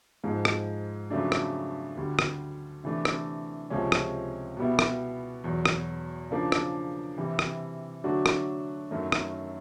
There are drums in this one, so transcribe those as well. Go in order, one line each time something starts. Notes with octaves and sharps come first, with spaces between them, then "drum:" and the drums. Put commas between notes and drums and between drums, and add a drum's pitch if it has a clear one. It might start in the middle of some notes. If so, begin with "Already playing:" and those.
G#2 F3 G#3
drum: rim click
F2 C#3 F#3 A3 D4
drum: rim click
D2 D3 G3
drum: rim click
C3 E3 A3 D4
drum: rim click
C#2 C3 F3 G#3 C#4
drum: rim click
B2 G3 B3 E4
drum: rim click
E2 B2 F#3
drum: rim click
C#3 F3 A#3 D4
drum: rim click
C3 E3 G3
drum: rim click
D3 F#3 A3 D4 F#4
drum: rim click
F#2 D#3 F#3 A3
drum: rim click